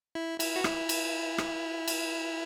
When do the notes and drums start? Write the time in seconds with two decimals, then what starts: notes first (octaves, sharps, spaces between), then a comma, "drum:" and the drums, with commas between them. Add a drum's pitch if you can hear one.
0.15 E4
0.40 E4, drum: cymbal
0.56 F#4
0.64 E4, drum: rim click
0.89 drum: cymbal
1.38 drum: rim click
1.88 drum: cymbal